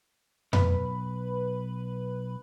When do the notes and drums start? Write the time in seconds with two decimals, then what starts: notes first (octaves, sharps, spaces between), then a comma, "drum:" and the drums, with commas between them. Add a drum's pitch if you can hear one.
0.53 B1 B4 B5, drum: tom F2